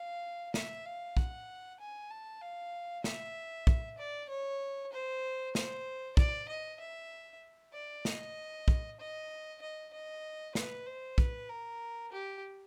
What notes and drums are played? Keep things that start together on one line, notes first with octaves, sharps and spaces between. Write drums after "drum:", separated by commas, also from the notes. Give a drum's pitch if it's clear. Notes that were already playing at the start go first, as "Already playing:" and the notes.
Already playing: F5
E5, drum: snare
F5
F#5, drum: kick
G#5
A5
F5
E5, drum: snare
drum: kick
D5
C#5
C5
C5, drum: snare
D5, drum: kick
D#5
E5
D5
D#5, drum: snare
drum: kick
D#5
D#5
D#5
B4, drum: snare
C5
B4, drum: kick
A#4
G4